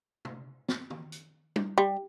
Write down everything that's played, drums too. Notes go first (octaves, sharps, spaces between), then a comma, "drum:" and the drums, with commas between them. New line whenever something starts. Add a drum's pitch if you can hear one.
drum: tom
drum: snare
drum: tom
drum: hi-hat
drum: tom
G3